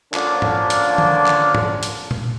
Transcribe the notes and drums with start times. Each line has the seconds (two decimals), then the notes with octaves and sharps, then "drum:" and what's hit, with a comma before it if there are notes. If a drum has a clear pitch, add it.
0.14 D3 F3 A#3 C#4 D4, drum: clap
0.42 drum: tom G#2
0.70 drum: hi-hat
0.98 drum: tom D3
1.26 drum: clap
1.55 drum: tom G#2
1.83 drum: hi-hat
2.11 drum: tom A#2